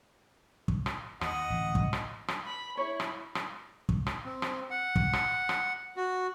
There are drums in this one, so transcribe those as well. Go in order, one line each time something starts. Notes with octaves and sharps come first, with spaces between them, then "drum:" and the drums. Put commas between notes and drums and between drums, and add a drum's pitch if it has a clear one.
drum: kick
drum: rim click
D#2 D#5 F#5, drum: rim click
A1 D2
drum: kick
drum: rim click
drum: rim click
B5
E4 C#5
drum: rim click
drum: rim click
drum: kick
drum: rim click
C4
drum: rim click
F#5
drum: kick
drum: rim click
drum: rim click
F#4